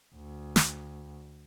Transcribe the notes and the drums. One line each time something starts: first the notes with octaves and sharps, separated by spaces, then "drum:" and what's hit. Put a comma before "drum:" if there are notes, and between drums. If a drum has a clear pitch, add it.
D2
drum: snare